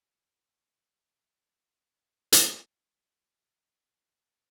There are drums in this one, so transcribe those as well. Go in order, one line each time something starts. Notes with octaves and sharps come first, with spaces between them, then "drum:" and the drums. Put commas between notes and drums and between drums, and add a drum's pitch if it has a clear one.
A4 C#5 E5 C#6
drum: hi-hat
A3 E4